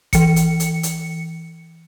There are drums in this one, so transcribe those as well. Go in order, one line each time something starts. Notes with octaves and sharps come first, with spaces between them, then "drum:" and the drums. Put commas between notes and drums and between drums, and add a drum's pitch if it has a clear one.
E3 C#7, drum: kick A1, hi-hat
drum: hi-hat
drum: hi-hat
drum: hi-hat